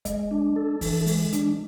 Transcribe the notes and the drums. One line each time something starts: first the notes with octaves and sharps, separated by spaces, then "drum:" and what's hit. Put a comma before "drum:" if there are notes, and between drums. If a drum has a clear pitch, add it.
G#3, drum: kick F1, hi-hat
D4
A4
E3, drum: kick F1, open hi-hat
G#3, drum: open hi-hat
D4, drum: hi-hat